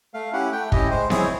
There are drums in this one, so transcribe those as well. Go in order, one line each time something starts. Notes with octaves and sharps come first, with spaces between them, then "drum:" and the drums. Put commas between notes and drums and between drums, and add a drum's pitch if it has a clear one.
A3 F5
C#4 E4 G4 F#5
A3 G5
C#4 E4 G4 D#5, drum: kick
G#3 C5
C4 E4 G#4 C#5, drum: snare B3